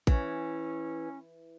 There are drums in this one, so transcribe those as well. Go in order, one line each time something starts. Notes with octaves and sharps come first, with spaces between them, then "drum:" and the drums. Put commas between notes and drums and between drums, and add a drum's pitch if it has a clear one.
E3 C#4, drum: kick A1